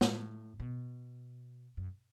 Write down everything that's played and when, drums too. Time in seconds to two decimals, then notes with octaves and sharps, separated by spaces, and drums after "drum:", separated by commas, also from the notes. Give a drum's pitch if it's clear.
0.01 A2, drum: snare
0.60 B2
1.77 F#2